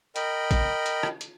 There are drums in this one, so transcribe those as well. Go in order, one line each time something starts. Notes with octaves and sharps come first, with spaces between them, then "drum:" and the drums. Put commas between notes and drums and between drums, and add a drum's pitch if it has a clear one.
A#4 D#5 G5 B5, drum: hi-hat
drum: kick, hi-hat
drum: hi-hat
drum: rim click
drum: hi-hat